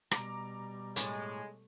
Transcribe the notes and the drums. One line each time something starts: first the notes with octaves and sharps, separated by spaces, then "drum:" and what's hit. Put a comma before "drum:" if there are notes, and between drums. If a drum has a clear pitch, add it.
B2 G3 A#5 D6, drum: rim click
A2 G#3, drum: hi-hat